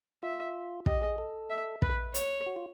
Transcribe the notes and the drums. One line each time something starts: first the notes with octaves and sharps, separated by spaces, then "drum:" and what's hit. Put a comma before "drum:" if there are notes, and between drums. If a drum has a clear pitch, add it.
F4 E5
G4 D#5, drum: kick
G#4
A4
E5
B4, drum: kick
C#5, drum: hi-hat
F#4
F4